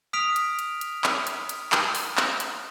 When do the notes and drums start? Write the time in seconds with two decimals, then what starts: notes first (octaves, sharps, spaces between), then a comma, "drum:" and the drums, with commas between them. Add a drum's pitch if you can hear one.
0.13 D#6 F6 B6 D7 F7
0.36 drum: hi-hat
0.59 drum: hi-hat
0.81 drum: hi-hat
1.04 drum: clap
1.27 drum: hi-hat
1.49 drum: hi-hat
1.72 drum: clap
1.95 drum: open hi-hat
2.17 drum: clap
2.40 drum: hi-hat